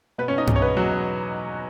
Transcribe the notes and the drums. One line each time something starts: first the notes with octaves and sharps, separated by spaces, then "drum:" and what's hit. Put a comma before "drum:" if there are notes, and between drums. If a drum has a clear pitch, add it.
B2 B3 B4
C#4 C#5
B2 D#4 D#5
E2, drum: tom G2
C#5
B2 B3 B4
E2 F#3 F#4
B2